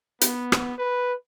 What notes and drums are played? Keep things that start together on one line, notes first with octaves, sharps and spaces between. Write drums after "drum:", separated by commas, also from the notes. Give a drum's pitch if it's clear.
B3, drum: hi-hat
drum: rim click
B4